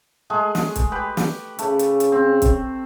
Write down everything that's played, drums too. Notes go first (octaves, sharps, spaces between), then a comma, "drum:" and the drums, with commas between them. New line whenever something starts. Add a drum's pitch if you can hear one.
G#3 A3 G#4
drum: snare
drum: kick, hi-hat
G4 B4
drum: snare
C#3 A3, drum: hi-hat
drum: hi-hat
drum: hi-hat
C4
drum: kick, hi-hat